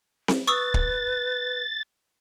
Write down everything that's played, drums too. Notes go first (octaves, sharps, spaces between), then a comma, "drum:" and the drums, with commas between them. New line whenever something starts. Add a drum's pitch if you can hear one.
drum: snare C4
B4 C#6 D#6 E6 A6
drum: kick